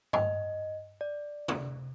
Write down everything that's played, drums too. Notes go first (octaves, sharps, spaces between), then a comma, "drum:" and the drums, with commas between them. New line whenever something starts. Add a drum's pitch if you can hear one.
D#5, drum: tom G2
D5
drum: tom